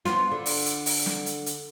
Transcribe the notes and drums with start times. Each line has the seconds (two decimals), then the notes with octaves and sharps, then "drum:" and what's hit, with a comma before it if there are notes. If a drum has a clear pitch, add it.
0.05 B3 F4, drum: snare
0.31 D3
0.46 drum: open hi-hat
0.66 drum: hi-hat
0.86 drum: open hi-hat
1.06 drum: snare
1.26 drum: hi-hat
1.46 drum: hi-hat